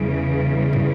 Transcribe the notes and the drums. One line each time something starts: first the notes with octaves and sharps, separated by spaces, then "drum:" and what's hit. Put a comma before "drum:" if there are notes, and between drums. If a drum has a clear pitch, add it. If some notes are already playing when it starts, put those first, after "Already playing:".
Already playing: E2 C#3 E3 G3
drum: tom